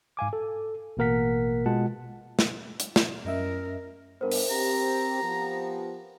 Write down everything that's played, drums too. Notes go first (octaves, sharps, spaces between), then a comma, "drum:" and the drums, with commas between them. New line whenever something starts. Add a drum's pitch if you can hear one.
G#2 F5 G#5 D6
A4
A1 B2 A#3 A#4 F#5 B6
B2 G#3 F4 F#5 A5
drum: snare
drum: hi-hat
drum: snare
F#2 C#4 A#4 D#5 E5
G2 B3 A#4 C5
drum: open hi-hat
C4 G4 A#5
F3 B3 G4